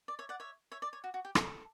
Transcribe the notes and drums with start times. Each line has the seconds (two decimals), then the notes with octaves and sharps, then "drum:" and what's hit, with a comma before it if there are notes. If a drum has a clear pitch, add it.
0.08 D5
0.19 C#5 E5
0.29 D5 F#5
0.40 C#5 E5
0.72 C#5 E5
0.82 D5
0.93 C#5
1.04 F#4
1.14 F#4
1.25 G4
1.35 A4, drum: rim click